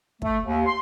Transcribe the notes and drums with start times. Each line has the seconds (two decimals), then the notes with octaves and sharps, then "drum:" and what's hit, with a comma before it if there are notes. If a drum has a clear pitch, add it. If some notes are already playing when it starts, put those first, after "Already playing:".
0.22 A3, drum: kick
0.44 D#2
0.66 C6